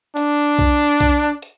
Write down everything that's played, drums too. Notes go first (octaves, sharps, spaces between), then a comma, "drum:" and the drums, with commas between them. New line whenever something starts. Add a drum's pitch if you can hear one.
D4, drum: hi-hat
drum: kick B1
drum: kick B1, hi-hat
drum: hi-hat